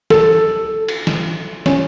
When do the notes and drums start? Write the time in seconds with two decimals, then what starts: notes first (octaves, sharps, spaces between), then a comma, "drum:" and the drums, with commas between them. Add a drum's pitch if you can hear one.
0.10 A4, drum: snare
0.88 drum: cymbal
1.07 drum: snare
1.66 C#4, drum: snare